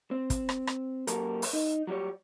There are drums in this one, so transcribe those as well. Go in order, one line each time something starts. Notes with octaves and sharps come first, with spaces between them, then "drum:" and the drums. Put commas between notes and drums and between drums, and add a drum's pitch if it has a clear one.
C4
drum: kick, hi-hat
drum: rim click
drum: rim click
F#2 A#3 G4 A4 A#4, drum: hi-hat
drum: open hi-hat
D#4
F#3 G3 F4 G4 C#5